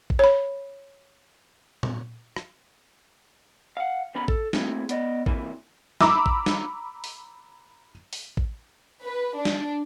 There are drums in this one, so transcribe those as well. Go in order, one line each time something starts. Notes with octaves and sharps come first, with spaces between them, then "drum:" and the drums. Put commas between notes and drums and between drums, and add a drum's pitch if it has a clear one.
drum: kick A1
C#5 B5
drum: tom A#2
drum: rim click
F5 F#5
D#2 B3 C#4 A#5 B5
A4, drum: kick A1
A3 A#3 C4 E4 F#4 G#4, drum: snare
B3 D5 D#5, drum: hi-hat
C#2 C3 E3 A#3, drum: kick A1
A#5 B5 D6 E6, drum: snare
drum: kick A1
drum: snare
drum: open hi-hat
drum: open hi-hat
drum: kick A1
B4
D4
drum: snare